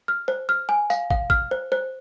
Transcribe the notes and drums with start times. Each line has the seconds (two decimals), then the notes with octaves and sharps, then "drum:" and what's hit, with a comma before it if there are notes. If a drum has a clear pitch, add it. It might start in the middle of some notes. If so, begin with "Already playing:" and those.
0.08 F6
0.28 C5
0.49 F6
0.69 G#5
0.90 F5, drum: tambourine
1.10 F5, drum: kick
1.30 F6, drum: kick
1.51 C5
1.72 C5